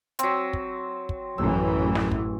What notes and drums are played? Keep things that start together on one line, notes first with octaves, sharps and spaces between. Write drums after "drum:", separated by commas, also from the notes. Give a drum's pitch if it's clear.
F#3 C4, drum: hi-hat
drum: kick
drum: kick
A1 F#2 E3 E6
drum: snare
drum: kick